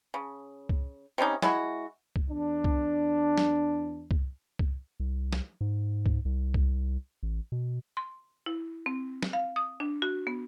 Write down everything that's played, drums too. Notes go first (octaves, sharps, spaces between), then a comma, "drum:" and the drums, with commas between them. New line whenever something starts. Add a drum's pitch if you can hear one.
C#3
drum: kick C2
C3 G3 C#4 D#4
G#3 E4 F#4, drum: snare
drum: kick C2
E2 D4
drum: kick C2
drum: snare
drum: kick C2
drum: kick C2
C2
drum: snare
G#2
drum: kick C2
C2
drum: kick C2
A1
B2
C6
E4
C4
drum: snare
F5
D#6
D4
F#4
B3